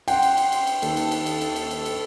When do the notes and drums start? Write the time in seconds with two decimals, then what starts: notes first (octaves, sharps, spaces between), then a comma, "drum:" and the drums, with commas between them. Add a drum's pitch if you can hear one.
0.08 F#5 G5 C6, drum: cymbal
0.22 drum: cymbal
0.37 drum: cymbal
0.52 drum: cymbal
0.67 drum: cymbal
0.82 D#2 A4, drum: cymbal
0.97 drum: cymbal
1.11 drum: cymbal
1.26 drum: cymbal
1.41 drum: cymbal
1.56 drum: cymbal
1.71 drum: cymbal
1.86 drum: cymbal